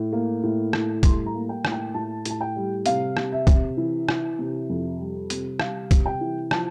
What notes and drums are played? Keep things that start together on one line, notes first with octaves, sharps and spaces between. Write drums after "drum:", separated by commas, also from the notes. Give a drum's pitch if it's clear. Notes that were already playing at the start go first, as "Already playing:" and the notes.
Already playing: A2
A#3
A2
A2, drum: rim click
G3 C6, drum: kick, hi-hat
A#5
A#3
G5
A2, drum: rim click
G5
A2 A5
A2 A5, drum: hi-hat
G5
G3
C3 F5, drum: hi-hat
C3, drum: rim click
E5
C3, drum: kick, hi-hat
E3
E3, drum: rim click
C3
F2
G3
C3, drum: hi-hat
G3 F5, drum: rim click
C3, drum: kick, hi-hat
G5
E3
F3 A5, drum: rim click